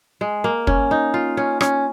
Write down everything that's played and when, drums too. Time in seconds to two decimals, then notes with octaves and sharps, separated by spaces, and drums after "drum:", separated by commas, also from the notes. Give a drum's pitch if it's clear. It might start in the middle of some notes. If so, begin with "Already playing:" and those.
0.21 G#3
0.44 A#3
0.67 C#4, drum: kick
0.91 D#4
1.14 F4
1.37 C#4
1.61 C#4, drum: rim click